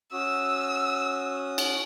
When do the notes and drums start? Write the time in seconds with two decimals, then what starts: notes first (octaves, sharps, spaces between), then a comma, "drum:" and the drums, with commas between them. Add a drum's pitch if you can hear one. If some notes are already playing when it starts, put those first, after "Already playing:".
0.13 C#4 F#4 D#6 E6
1.58 drum: cymbal